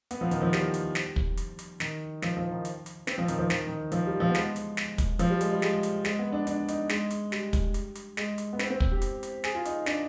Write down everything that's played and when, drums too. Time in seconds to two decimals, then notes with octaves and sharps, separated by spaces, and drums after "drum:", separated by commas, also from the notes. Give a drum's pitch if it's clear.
0.11 B3, drum: hi-hat
0.21 F3
0.31 D#3, drum: hi-hat
0.42 F3
0.53 G3, drum: snare
0.74 drum: hi-hat
0.95 drum: snare
1.16 drum: kick
1.37 drum: hi-hat
1.59 drum: hi-hat
1.80 D#3, drum: snare
2.22 F3, drum: snare
2.37 F3
2.51 D#3
2.65 drum: hi-hat
2.86 drum: hi-hat
3.07 C4, drum: snare
3.18 F3
3.28 D#3, drum: hi-hat
3.38 F3
3.50 D#3, drum: snare
3.67 D#3
3.92 F3, drum: hi-hat
4.07 G3
4.20 F3
4.29 B3
4.35 G#3, drum: snare
4.56 drum: hi-hat
4.77 drum: snare
4.98 drum: kick, hi-hat
5.19 F3, drum: hi-hat
5.30 G3
5.41 G#3, drum: hi-hat
5.52 G3
5.62 G#3, drum: snare
5.83 drum: hi-hat
6.05 G#3, drum: snare
6.19 B3
6.32 D4
6.47 D4, drum: hi-hat
6.68 D#4, drum: hi-hat
6.89 G#3, drum: snare
7.11 drum: hi-hat
7.32 G3, drum: snare
7.53 drum: kick, hi-hat
7.74 drum: hi-hat
7.95 drum: hi-hat
8.17 G#3, drum: snare
8.38 drum: hi-hat
8.53 B3
8.59 C4, drum: snare
8.70 C4
8.80 drum: kick
8.91 G4
9.02 drum: hi-hat
9.23 drum: hi-hat
9.44 G#4, drum: snare
9.55 F4
9.65 D#4, drum: hi-hat
9.86 D4, drum: snare